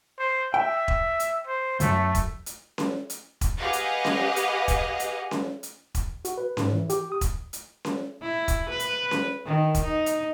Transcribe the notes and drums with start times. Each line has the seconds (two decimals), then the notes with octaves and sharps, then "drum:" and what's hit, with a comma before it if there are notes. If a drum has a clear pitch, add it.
0.19 C5
0.54 E5 G5
0.88 drum: kick E1
1.20 drum: hi-hat
1.47 C5
1.80 C#2 F#2 A3, drum: hi-hat
2.15 drum: kick E1, hi-hat
2.46 drum: hi-hat
2.78 drum: snare C#4
3.10 drum: hi-hat
3.41 drum: kick E1, hi-hat
3.59 G4 G#4 B4 D#5 F5 F#5
3.73 drum: hi-hat
4.05 drum: snare C#4
4.36 drum: hi-hat
4.68 drum: kick E1, hi-hat
5.00 drum: hi-hat
5.31 drum: snare C#4
5.63 drum: hi-hat
5.95 drum: kick E1, hi-hat
6.25 F#4, drum: hi-hat
6.38 B4
6.57 G#2, drum: snare C#4
6.73 E3
6.90 G4, drum: hi-hat
7.12 D#6
7.21 drum: kick E1, hi-hat
7.53 drum: hi-hat
7.85 drum: snare C#4
8.22 E4
8.48 drum: kick E1, hi-hat
8.70 B4
8.80 drum: hi-hat
9.11 drum: snare C#4
9.46 D#3
9.75 drum: kick E1, hi-hat
9.84 D#4
10.06 drum: hi-hat